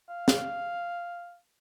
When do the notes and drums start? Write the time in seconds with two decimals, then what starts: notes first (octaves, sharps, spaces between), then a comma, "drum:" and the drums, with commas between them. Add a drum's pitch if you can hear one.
0.09 F5
0.28 drum: snare